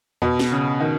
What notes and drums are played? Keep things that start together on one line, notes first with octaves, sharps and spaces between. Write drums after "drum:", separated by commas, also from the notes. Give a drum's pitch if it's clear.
B2, drum: tom E2
drum: snare
C#3
D#3